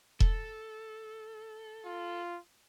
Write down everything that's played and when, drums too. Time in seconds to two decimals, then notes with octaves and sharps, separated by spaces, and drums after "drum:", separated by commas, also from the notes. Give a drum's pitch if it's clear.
0.20 A4, drum: kick E1
1.85 F4